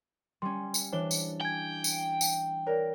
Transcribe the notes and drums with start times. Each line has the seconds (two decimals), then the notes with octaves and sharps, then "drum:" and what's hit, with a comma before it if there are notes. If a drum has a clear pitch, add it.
0.42 G3 C#4 C6
0.74 drum: tambourine
0.92 E3 D4 C5 C#5 G7
1.11 drum: tambourine
1.41 G5 G#5 G#6
1.84 drum: tambourine
2.21 drum: tambourine
2.67 A#4 C#5 D5